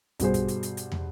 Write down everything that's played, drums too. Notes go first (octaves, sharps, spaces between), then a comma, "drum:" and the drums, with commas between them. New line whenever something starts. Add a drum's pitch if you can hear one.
G2 B2 G#4 C5, drum: kick, hi-hat
drum: kick, hi-hat
drum: hi-hat
drum: hi-hat
drum: hi-hat
drum: tom